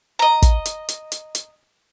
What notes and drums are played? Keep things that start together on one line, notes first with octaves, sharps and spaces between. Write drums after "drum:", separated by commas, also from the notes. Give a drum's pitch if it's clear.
D#5 A#5
drum: kick, hi-hat
drum: hi-hat
drum: hi-hat
drum: hi-hat
drum: hi-hat